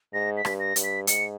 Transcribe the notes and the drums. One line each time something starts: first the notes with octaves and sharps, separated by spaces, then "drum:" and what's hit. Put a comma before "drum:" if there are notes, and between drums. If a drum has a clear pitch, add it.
G#2 A#6
B6
G2, drum: rim click
A#6
G2, drum: hi-hat
B6
G#2 C#7, drum: hi-hat